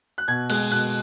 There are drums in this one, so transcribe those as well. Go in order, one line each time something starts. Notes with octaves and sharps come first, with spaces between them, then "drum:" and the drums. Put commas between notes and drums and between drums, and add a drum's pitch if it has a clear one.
F#6
B2 G#6
G#3 F#6, drum: cymbal
B2 F#6